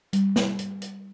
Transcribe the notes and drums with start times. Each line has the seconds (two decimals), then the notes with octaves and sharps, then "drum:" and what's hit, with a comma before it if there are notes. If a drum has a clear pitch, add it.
0.13 G3, drum: hi-hat
0.36 drum: snare
0.59 drum: hi-hat
0.82 drum: hi-hat